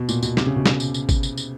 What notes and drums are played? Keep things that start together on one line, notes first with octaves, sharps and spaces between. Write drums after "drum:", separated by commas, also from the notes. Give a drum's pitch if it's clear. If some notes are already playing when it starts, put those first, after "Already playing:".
Already playing: B2
A#2, drum: tambourine
B2, drum: tambourine
C3, drum: snare
C#3
B2
drum: snare
drum: tambourine
drum: tambourine
drum: kick, tambourine
drum: tambourine
drum: tambourine